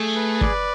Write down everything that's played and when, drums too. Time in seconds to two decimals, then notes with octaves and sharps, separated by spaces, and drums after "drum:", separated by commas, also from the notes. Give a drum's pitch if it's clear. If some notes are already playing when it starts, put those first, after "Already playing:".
Already playing: A3 G#4
0.16 B4
0.41 D5, drum: kick